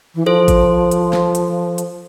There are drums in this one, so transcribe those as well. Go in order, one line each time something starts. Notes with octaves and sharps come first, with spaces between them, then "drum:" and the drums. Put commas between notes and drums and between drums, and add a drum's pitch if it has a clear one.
E3
F3 A4 C5
drum: kick A1, hi-hat
drum: hi-hat
drum: snare
drum: hi-hat
drum: hi-hat